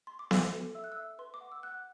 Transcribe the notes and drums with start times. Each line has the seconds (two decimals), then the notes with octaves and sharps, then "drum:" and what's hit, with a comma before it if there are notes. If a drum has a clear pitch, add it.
0.07 C6
0.19 D6
0.31 A4 E6, drum: snare B3
0.53 A4
0.75 E5 E6
0.84 F#6
0.92 E6
0.97 E5
1.19 B4 C6
1.34 D6
1.41 F#5
1.52 E6
1.63 F#5 F#6